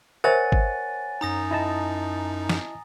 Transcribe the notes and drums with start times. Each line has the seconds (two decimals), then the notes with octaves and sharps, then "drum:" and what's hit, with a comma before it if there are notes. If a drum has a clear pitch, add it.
0.24 A#4 C5 C#5 E5 F#5 G#5 A6 D#7
0.52 drum: kick
1.21 F#2 D#4 A#5 D#6 A#6
1.51 E4 D#5 A5
2.49 drum: snare